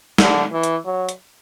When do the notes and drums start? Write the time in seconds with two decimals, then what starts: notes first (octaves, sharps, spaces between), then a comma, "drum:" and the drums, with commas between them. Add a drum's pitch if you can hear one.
0.18 D3, drum: snare
0.52 E3
0.63 drum: hi-hat
0.85 F#3
1.09 drum: hi-hat